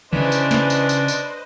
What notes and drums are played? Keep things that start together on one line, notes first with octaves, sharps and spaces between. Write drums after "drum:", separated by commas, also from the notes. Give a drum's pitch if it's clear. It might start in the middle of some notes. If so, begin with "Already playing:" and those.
C#3 E3 D4 B4 C5 D#5, drum: tom D3
drum: tambourine
drum: snare
drum: tambourine
drum: tambourine
drum: tambourine